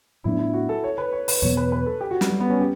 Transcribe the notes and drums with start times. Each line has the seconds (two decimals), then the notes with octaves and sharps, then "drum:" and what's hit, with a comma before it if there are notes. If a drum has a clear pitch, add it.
0.24 A2 F#3 B3 D4 E4
0.39 E4
0.54 F#4
0.69 A4
0.84 C#5
0.98 B4
1.13 C#5
1.28 B4, drum: open hi-hat
1.42 E2 B2 F#3 B3 C#5
1.57 B4
1.72 B4
1.86 A4
2.01 G4
2.11 F#4
2.21 G3, drum: snare
2.30 F#3
2.40 B3
2.50 C#4
2.60 G4